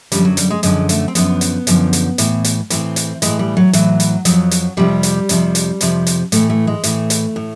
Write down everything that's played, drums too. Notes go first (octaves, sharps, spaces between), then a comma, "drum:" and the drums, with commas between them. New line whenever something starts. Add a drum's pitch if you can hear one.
F#2 D3 F3 G3, drum: hi-hat
F#3
G3, drum: hi-hat
G#3
F#2 D3 F3 G#3, drum: hi-hat
A3, drum: hi-hat
C4
F#2 D3 F3 B3, drum: hi-hat
drum: hi-hat
F#2 D3 F3, drum: hi-hat
drum: hi-hat
A2 E3, drum: hi-hat
drum: hi-hat
A2 E3 C4, drum: hi-hat
drum: hi-hat
A2 E3 G#3, drum: hi-hat
G3
F#3
A2 E3 F#3, drum: hi-hat
drum: hi-hat
F2 C3 F3 F#3, drum: hi-hat
drum: hi-hat
F2 C3 F3 G3
drum: hi-hat
F2 C3 F3, drum: hi-hat
drum: hi-hat
F2 C3 F3, drum: hi-hat
drum: hi-hat
A2 E3 A3, drum: hi-hat
A3
G#3
A2 E3 A3, drum: hi-hat
drum: hi-hat
A2